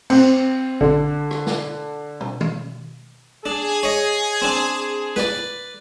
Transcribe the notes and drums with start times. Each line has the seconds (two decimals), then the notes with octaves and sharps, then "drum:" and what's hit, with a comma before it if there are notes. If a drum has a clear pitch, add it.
0.10 C4, drum: cymbal
0.81 D3, drum: kick A1
1.31 drum: rim click
1.46 drum: snare
2.20 drum: tom
2.41 drum: tom D#3
3.46 D4 G#4
3.83 C#5 D#5
4.42 C4 D4
5.16 B4 D5, drum: snare